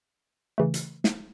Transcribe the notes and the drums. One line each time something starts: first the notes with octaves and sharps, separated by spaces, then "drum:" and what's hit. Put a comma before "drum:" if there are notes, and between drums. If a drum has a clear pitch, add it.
C#3 E3 A3
drum: hi-hat
drum: snare